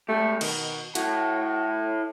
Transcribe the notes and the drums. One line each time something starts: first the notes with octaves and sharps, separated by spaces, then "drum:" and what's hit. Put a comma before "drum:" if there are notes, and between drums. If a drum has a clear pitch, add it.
G#3 A3 G4
B2 D#3, drum: cymbal
E4 F#4 A4, drum: hi-hat